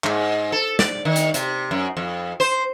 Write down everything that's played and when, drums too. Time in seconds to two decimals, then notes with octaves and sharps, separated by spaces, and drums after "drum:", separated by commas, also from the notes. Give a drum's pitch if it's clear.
0.04 G#2, drum: clap
0.52 A4
0.79 D5, drum: snare
1.05 D#3
1.16 drum: hi-hat
1.34 C3, drum: hi-hat
1.71 F#2
1.97 F2
2.40 C5